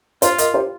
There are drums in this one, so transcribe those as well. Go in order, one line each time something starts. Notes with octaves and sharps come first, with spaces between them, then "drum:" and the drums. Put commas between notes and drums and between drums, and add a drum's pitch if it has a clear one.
F4 C5 F5, drum: hi-hat
A#4 D#5, drum: hi-hat
G4 C5